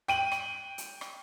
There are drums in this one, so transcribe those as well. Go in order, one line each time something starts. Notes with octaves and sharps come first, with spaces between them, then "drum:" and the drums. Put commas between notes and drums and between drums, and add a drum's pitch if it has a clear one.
G5 D#7 F#7, drum: rim click
drum: rim click
drum: hi-hat
drum: rim click